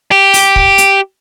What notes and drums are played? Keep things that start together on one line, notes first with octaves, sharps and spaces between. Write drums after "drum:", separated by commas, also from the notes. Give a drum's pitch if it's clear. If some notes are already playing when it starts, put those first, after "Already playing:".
G4
drum: open hi-hat
drum: kick
drum: hi-hat